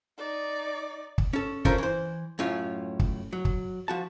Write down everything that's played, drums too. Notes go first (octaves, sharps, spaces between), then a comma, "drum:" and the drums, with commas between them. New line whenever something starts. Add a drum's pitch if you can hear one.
D#4 D5
drum: kick
C#4 A4
C#4 D4 F4 A4 A#4 C5, drum: kick
E3 C5
F#2 A2 C#4 F4
drum: kick
F#3
drum: kick
F3 F#4 A5